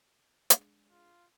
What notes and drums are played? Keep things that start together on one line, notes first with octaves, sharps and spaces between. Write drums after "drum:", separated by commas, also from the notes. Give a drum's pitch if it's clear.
G#3 D4 G#4, drum: hi-hat
F4